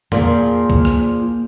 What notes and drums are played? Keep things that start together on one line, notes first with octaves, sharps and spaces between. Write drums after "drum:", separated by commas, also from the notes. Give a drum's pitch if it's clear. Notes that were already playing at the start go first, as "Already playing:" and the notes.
A#2 F3 A#3 G#4, drum: tom E2
drum: kick
drum: rim click